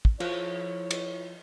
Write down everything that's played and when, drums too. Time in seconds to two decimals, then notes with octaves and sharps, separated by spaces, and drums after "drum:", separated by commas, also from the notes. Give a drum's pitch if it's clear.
0.05 drum: kick
0.20 F3 E4 C#5, drum: cymbal
0.91 drum: cymbal